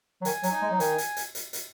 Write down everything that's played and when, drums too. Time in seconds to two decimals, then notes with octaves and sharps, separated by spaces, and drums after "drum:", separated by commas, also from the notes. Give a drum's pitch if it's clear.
0.22 F#3
0.25 D#3 G#5, drum: hi-hat
0.43 F#3, drum: hi-hat
0.52 D#4
0.62 G#3
0.71 F#3
0.80 D#3 G#5, drum: hi-hat
0.98 drum: hi-hat
1.17 drum: hi-hat
1.35 drum: hi-hat
1.53 drum: hi-hat